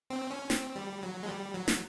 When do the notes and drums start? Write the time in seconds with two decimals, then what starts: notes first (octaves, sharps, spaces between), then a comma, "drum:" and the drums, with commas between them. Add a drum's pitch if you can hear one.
0.10 C4
0.31 C#4
0.50 C4, drum: snare
0.76 G3
1.03 F#3
1.23 G#3
1.29 G3
1.54 F#3
1.68 drum: snare